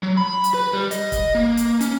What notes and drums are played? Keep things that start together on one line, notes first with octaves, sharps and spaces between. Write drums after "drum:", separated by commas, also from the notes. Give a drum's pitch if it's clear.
F#3
B5
drum: hi-hat
B4
G3
D#5, drum: hi-hat
drum: kick, hi-hat
A#3
drum: hi-hat
C#4, drum: hi-hat